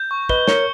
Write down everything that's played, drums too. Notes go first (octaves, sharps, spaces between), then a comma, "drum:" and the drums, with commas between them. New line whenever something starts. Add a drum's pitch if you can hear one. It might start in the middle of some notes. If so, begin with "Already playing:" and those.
Already playing: G6
C#6
B4 D#5 G7, drum: kick
A#4 C#5 C#7, drum: snare